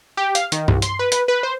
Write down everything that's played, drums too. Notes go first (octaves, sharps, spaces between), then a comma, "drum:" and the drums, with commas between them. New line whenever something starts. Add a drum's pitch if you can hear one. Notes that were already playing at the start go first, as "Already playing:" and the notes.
G4
F5, drum: hi-hat
D#3, drum: hi-hat
C2, drum: tom G2
C6, drum: hi-hat
B4
B4, drum: hi-hat
B4
C5